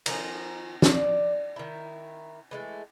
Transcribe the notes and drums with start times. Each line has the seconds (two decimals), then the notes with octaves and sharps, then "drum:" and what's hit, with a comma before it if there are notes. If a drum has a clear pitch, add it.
0.06 D#3 F3 G#5, drum: cymbal
0.82 D5, drum: snare
1.56 D#3 E4
2.51 E3 G#3 A3